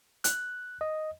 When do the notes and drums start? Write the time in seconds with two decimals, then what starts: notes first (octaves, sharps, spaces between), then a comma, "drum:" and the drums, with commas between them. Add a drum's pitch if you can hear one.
0.24 F#6, drum: hi-hat
0.81 D#5